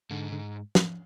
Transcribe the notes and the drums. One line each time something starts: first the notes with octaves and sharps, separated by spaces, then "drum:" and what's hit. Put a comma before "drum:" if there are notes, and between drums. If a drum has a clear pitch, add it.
G#2 D3
D3
drum: snare